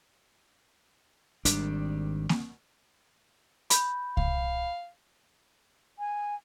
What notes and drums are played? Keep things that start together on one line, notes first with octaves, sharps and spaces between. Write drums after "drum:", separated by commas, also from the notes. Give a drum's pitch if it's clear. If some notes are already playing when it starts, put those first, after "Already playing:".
G#1 D#3 G3 D4, drum: hi-hat
drum: snare A#3
B5 G6, drum: hi-hat
F5, drum: kick C2
G#5